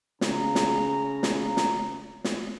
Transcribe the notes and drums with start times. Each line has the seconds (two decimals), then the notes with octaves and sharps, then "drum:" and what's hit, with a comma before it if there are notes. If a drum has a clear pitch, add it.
0.21 C#3 A#5, drum: snare
0.55 drum: snare
1.23 drum: snare
1.57 drum: snare
2.24 drum: snare